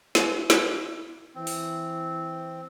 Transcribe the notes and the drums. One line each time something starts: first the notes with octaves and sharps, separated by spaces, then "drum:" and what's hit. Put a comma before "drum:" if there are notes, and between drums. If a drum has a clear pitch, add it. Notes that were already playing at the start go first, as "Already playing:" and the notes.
E4, drum: snare
drum: snare
E3 C4
drum: open hi-hat